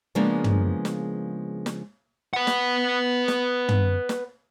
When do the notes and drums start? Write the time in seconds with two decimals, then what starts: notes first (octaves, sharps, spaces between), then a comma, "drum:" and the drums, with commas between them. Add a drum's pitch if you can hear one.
0.15 C#3 F3 G#3 A#3 B3 D4
0.44 drum: tom
0.85 drum: snare
1.66 drum: snare
2.33 B4 F#5
2.47 drum: snare
3.28 drum: snare
3.69 drum: tom
4.09 drum: snare